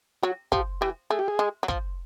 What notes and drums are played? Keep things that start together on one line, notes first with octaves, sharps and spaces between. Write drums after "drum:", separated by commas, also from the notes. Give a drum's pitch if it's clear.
F#3 F#4
F3 G4, drum: kick
E3 G4
A3 G#4
G4
G#4
G#3
F#3
F3, drum: kick